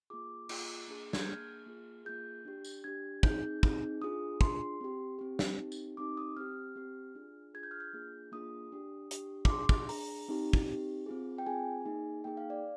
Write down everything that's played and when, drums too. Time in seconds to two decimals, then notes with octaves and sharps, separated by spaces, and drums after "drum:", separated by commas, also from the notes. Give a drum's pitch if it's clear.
0.10 A#3 F4 G#4 D6
0.49 A#3 F4 G#4, drum: cymbal
0.88 A#3 D4 G#4
1.13 G#6, drum: snare
1.21 G6
1.28 A#3 D4 G#4 F6
1.66 A#3 F4 G#4
2.05 A#3 F4 G#4 G6
2.45 D4 G4
2.65 drum: tambourine
2.84 D4 G4 G#6
3.23 C4 D#4 G#4 G6, drum: kick
3.63 C4 D#4 G#4, drum: kick
4.02 D4 F4 G#4 D#6
4.41 D4 F4 G#4 C6, drum: kick
4.81 C4 G4
5.19 C4 G4
5.39 drum: snare
5.58 C4 D#4 G4
5.72 drum: tambourine
5.97 C4 D#4 G4 D6
6.17 D#6
6.36 C4 G4 F6
6.76 C4 G4
7.15 D4 F4 G#4
7.54 D4 F4 G#4 G#6
7.63 G6
7.71 F6
7.80 G6
7.93 A#3 D4 F4 G#4
8.32 A#3 D4 F4 G#4 D#6
8.72 D4 G4
9.11 D4 G4, drum: hi-hat
9.45 D6, drum: kick
9.50 D4 G#4 C6
9.69 drum: kick
9.89 D4 G#4 A#5, drum: open hi-hat
10.28 C4 D#4 G4
10.53 drum: kick
10.68 C4 D#4 G4
11.06 C4 F4 G#4
11.38 G5
11.46 C4 F4 G#4 G#5
11.85 A#3 D#4 G#4
12.24 A#3 D#4 G#4 G5
12.37 F5
12.50 D5